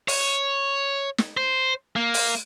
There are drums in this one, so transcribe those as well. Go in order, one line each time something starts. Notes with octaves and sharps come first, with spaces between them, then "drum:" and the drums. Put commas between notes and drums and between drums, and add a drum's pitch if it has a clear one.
C#5, drum: open hi-hat
drum: snare
C5
A#3
drum: open hi-hat